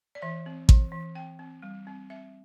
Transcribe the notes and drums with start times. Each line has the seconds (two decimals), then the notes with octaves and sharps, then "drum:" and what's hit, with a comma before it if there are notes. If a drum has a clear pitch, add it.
0.15 D5
0.22 E3 E5
0.46 C4
0.69 E3, drum: kick A1
0.92 E3
1.15 C4 G5
1.39 C4
1.62 G3
1.87 C4
2.10 C4 E5